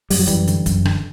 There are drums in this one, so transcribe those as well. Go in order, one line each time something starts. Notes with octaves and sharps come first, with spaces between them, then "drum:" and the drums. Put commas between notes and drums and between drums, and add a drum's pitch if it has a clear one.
F#2 G3, drum: open hi-hat
F#3
F#2 E3 G3, drum: hi-hat
D3, drum: hi-hat
F#2, drum: kick, hi-hat
D3, drum: rim click